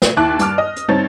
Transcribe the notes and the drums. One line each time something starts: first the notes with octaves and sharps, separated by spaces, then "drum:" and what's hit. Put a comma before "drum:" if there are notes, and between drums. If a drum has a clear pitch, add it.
drum: snare
D#2 E4 A5 D6 F#6
G2 A5 D6 F6, drum: hi-hat
D#5
drum: hi-hat
G2 C4 D#4 C#5 A5 A6